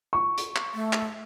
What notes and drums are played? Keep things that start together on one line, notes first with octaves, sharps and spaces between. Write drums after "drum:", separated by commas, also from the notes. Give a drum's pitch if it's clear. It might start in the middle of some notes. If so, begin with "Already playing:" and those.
C#6
drum: hi-hat
drum: clap
A3
drum: clap